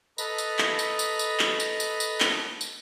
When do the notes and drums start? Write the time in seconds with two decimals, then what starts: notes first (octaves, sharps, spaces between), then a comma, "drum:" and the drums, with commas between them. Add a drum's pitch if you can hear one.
0.18 A4 B4 D#5 A#5 B5, drum: tambourine
0.38 drum: tambourine
0.59 drum: clap
0.79 drum: tambourine
0.99 drum: tambourine
1.19 drum: tambourine
1.39 drum: clap
1.60 drum: tambourine
1.80 drum: tambourine
2.00 drum: tambourine
2.20 drum: clap
2.61 drum: tambourine